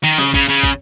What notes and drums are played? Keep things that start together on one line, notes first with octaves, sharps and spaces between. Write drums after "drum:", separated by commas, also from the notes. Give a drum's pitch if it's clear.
D#3
C#3, drum: snare
C#3, drum: kick
C#3
drum: kick